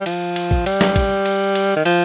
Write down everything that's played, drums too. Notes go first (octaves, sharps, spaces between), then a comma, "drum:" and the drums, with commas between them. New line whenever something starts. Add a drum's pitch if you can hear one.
G3
F3, drum: cymbal
drum: cymbal
drum: kick A1
G3, drum: cymbal
drum: snare
drum: kick A1, cymbal
drum: cymbal
drum: cymbal
D#3
F3, drum: cymbal